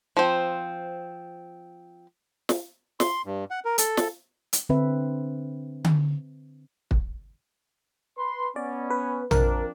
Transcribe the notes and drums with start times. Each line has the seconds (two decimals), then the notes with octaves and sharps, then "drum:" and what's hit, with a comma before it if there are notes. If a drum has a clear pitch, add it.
0.17 F3 C4
2.49 drum: snare
3.00 C6, drum: snare
3.25 G2
3.51 F#5
3.65 A#4
3.78 A4, drum: hi-hat
3.97 drum: snare
4.53 drum: hi-hat
4.69 D3 C4 B4 E5
5.84 drum: tom D3
6.91 drum: kick
8.18 B4 C6
8.56 B3 C#4 D5
8.90 B4
9.31 F3 C4 D4 A#4, drum: tom A#1